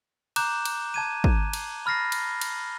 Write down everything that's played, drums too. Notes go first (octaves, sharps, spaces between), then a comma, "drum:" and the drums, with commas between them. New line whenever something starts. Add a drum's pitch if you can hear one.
A#5 D6 F#6 G6 E7, drum: cymbal
drum: cymbal
A5 G#6 D#7
drum: kick
drum: cymbal
B5 F6 A6 A#6 C7
drum: cymbal
drum: cymbal